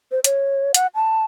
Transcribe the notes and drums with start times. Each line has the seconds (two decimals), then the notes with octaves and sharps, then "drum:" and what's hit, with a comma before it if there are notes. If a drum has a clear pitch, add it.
0.12 C5
0.24 C#5, drum: hi-hat
0.74 F#5, drum: hi-hat
0.95 A5